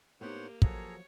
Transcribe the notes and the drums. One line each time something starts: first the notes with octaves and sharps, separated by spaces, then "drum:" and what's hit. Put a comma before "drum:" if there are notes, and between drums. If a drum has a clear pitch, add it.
A2 A#3 B3 D#4 G4 C5 C#5 F#5
F3 F#3 G#4 A4 C#5 A#5, drum: kick